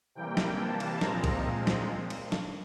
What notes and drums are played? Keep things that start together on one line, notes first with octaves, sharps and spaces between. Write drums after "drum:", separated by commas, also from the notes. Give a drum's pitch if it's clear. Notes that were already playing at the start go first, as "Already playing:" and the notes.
C3 E3 G3 A#3 G5
drum: snare
A5
drum: cymbal
A#2 F3 G#3 C4 A#5, drum: snare
drum: kick B1, cymbal
drum: snare
drum: cymbal
drum: snare